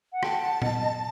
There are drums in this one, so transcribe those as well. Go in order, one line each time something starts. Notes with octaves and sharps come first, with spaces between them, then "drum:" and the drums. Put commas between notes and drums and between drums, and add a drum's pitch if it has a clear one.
F#5
G5 A5, drum: rim click
F#5
D#5, drum: tom A#2
D#5